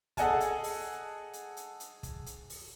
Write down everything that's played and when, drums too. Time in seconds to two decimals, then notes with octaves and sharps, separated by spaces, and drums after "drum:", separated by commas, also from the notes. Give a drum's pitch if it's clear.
0.17 G#4 A4 D#5 F#5 G#5 A5, drum: kick, hi-hat
0.40 drum: hi-hat
0.64 drum: open hi-hat
1.33 drum: hi-hat
1.57 drum: hi-hat
1.80 drum: hi-hat
2.03 drum: kick, hi-hat
2.26 drum: hi-hat
2.50 drum: open hi-hat